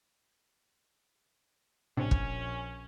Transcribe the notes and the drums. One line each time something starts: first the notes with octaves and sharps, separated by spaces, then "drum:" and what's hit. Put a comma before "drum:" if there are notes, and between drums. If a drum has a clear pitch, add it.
A#1 A2 C3 C#4 D4
drum: kick